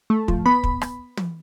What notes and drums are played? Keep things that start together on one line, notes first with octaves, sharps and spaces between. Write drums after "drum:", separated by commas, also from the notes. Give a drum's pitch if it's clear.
A3
F3, drum: kick
B3 B5
drum: kick
drum: rim click
drum: tom